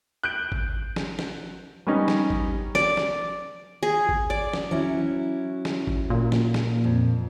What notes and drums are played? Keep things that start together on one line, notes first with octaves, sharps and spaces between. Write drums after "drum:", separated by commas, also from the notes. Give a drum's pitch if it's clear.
F#6 G6 D7
drum: kick G#1
drum: snare
drum: snare
G3 B3 C#4 D#4
drum: snare
drum: kick G#1
D5, drum: snare
drum: snare
G#4
drum: kick G#1
D5
drum: snare
F#3 C#4 E4
drum: snare
drum: kick G#1
A#2
drum: snare
drum: snare
F2